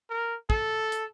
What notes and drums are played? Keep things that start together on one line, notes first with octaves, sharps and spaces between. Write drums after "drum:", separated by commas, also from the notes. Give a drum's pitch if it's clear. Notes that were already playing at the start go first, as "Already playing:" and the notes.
A#4
A4, drum: kick
drum: hi-hat